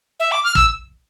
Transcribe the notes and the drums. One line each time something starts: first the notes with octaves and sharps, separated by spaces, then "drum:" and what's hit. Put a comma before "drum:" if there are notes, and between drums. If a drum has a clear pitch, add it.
E5
D6
F6
E6, drum: kick